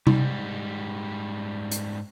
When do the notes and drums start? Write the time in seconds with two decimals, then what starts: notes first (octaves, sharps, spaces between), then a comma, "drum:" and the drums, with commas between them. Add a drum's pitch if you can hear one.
0.07 G#2 G3, drum: tom C3
1.72 drum: hi-hat